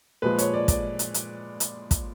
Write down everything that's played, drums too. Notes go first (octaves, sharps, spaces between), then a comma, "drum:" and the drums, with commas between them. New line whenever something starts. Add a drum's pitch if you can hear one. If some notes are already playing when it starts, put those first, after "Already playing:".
A#2 F3 G#3 B4
C#5, drum: hi-hat
D5
D5, drum: kick, hi-hat
drum: hi-hat
drum: hi-hat
drum: hi-hat
drum: kick, hi-hat